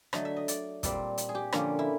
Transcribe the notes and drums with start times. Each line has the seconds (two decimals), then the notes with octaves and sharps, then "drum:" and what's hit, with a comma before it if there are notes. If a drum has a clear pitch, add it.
0.13 D3 F#3 A3 D#5, drum: rim click
0.25 E5
0.36 D#5
0.48 D5, drum: hi-hat
0.83 A#2 G3 C4, drum: kick, hi-hat
1.18 drum: hi-hat
1.29 G#4
1.35 G4
1.52 D3 F3 A#3 C#4, drum: rim click
1.79 E4